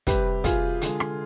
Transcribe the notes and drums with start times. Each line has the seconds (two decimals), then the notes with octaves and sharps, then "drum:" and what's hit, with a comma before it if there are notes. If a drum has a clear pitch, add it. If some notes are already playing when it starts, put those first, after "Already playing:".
0.07 C3 G3 G4 B4, drum: kick, hi-hat
0.44 F4 G#4, drum: kick, hi-hat
0.81 D3 G#3, drum: hi-hat
1.00 drum: rim click